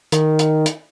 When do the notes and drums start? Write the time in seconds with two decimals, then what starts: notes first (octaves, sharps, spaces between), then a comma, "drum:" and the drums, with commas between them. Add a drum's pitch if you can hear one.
0.12 D#3, drum: hi-hat
0.39 drum: hi-hat
0.66 drum: hi-hat